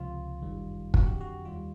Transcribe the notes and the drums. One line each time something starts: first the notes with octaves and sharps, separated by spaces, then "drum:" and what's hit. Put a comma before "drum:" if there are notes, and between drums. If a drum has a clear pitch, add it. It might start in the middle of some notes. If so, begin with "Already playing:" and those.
Already playing: C#2 C3 F3 F4
G1 F#2 D#3 G3
F2 D3 F#3 F#4, drum: kick
G4
F#4
D#2 D#3 G3 F4